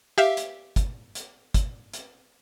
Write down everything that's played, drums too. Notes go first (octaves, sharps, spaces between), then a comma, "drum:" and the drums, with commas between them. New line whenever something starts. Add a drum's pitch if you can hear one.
G4 E5 F5
drum: hi-hat
drum: kick, hi-hat
drum: hi-hat
drum: kick, hi-hat
drum: hi-hat